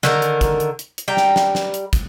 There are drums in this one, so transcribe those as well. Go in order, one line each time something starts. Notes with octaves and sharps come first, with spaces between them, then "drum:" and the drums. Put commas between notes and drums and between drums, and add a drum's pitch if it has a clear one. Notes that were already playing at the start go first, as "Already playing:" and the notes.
D3 D#3 A#4, drum: snare
drum: hi-hat
drum: kick, hi-hat
drum: hi-hat
drum: hi-hat
drum: hi-hat
G3 G5 A#5
drum: snare
drum: snare
drum: snare
drum: hi-hat
drum: kick, hi-hat